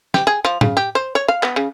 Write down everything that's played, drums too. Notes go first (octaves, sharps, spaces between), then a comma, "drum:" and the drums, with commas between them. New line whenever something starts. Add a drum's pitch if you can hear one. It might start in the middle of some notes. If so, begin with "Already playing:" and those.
G4, drum: snare
G#4
F3
C#3, drum: tom A2
G4
C5
C#5
F5
B3, drum: clap
C#3